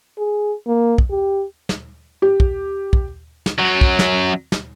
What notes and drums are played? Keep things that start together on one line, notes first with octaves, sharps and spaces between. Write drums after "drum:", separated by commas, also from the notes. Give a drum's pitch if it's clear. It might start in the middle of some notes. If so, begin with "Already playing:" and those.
G#4
A#3
drum: kick
G4
drum: snare
G4
drum: kick
drum: kick
drum: snare
F#2 F#3
drum: kick
drum: snare
drum: snare